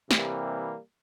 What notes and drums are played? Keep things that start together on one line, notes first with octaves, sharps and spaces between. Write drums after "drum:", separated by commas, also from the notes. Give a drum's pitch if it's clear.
C3 E3 G3 A#3, drum: snare